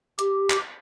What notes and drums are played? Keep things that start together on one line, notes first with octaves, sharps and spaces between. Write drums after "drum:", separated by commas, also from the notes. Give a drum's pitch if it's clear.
G4, drum: hi-hat
drum: clap